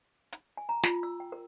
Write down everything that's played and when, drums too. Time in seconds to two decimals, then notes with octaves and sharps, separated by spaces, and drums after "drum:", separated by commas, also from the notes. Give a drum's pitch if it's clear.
0.32 drum: hi-hat
0.57 G#5
0.69 A#5
0.83 F4, drum: snare
1.03 E6
1.20 G5
1.32 A#4